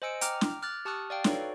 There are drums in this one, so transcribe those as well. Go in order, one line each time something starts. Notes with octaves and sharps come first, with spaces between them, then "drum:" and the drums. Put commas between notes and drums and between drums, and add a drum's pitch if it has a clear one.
C5 D#5 G#5 E6 C#7 D7
G5 A#5 D6 F6, drum: hi-hat
drum: snare
D6 F6 F#6 A6
G4 A5 C#6 D#6 F6 F#6
D5 F5 G5
D#4 F#4 A4 B4 C#5 D5, drum: snare